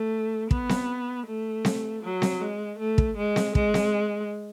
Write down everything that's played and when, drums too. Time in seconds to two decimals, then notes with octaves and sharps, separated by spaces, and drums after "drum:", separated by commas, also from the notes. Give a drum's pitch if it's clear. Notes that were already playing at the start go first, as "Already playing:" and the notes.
Already playing: A3
0.51 B3, drum: kick
0.69 drum: snare C4
1.27 A3
1.65 drum: snare C4
2.03 F#3
2.22 drum: snare C4
2.41 G#3
2.79 A3
2.98 drum: kick
3.17 G#3
3.36 drum: snare C4
3.55 G#3, drum: kick
3.74 drum: snare C4